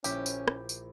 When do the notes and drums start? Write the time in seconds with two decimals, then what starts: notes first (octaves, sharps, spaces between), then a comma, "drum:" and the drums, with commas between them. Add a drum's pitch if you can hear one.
0.04 A#1 C#4 E4 G4, drum: tambourine
0.26 drum: tambourine
0.48 drum: rim click
0.69 drum: tambourine